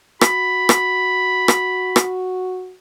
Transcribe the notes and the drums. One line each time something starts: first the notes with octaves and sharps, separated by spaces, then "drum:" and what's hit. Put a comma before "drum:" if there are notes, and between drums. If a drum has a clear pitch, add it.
F#4 B5, drum: rim click
drum: rim click
drum: rim click
drum: rim click